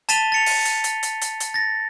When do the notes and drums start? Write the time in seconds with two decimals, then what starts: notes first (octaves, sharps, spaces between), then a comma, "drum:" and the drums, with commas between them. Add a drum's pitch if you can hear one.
0.09 A5 A6 B6 D#7 F7 G7, drum: hi-hat
0.32 A6 C#7 F7
0.46 drum: open hi-hat
0.65 drum: hi-hat
0.84 drum: hi-hat
1.03 drum: hi-hat
1.21 drum: hi-hat
1.40 drum: hi-hat
1.54 A6 A#6